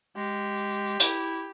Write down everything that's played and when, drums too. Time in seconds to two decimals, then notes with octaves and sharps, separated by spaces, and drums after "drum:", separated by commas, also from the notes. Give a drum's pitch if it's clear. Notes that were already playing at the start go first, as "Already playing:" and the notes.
0.17 G#3 G4
1.00 E4, drum: hi-hat